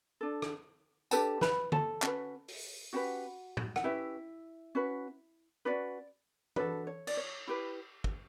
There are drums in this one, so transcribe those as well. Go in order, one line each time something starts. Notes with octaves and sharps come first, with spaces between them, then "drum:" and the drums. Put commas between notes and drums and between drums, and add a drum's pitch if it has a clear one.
D4 A4
drum: rim click
D4 G4 A4 B4 A5, drum: tambourine
B4 B5, drum: snare
A4 A5, drum: tom
C#4 F#4 B4, drum: clap
drum: open hi-hat
C#4 F#4 G4 B4 F#5
drum: tom A2
F#5, drum: rim click
C#4 E4 G4 B4 E5
C#4 F#4 B4
C#4 D4 F#4 B4 D5
D4 F#4 A4 B4, drum: tom E3
C#5
D5, drum: cymbal
C#5
E4 G4 B4
drum: kick